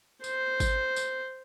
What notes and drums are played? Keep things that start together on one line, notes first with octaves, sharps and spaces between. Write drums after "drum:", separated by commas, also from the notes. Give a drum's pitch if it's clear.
C5, drum: tambourine
drum: kick G#1, tambourine
drum: tambourine